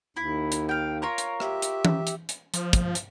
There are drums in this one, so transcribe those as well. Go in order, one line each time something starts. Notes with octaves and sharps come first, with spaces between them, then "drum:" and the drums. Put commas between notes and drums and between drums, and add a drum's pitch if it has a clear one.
D#2 E4
drum: hi-hat
F5 G5
F4 A#4 C#5
drum: hi-hat
G4 E5, drum: rim click
drum: hi-hat
drum: tom E3
drum: hi-hat
drum: hi-hat
F3, drum: hi-hat
drum: kick, hi-hat
drum: hi-hat